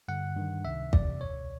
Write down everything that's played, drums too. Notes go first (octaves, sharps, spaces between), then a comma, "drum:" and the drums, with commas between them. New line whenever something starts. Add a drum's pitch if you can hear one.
G2 D3 F#5
G2 D#3
C#2 C3 D#3 E5
E2 C3 E3 D5, drum: kick
C#2 B2 C#5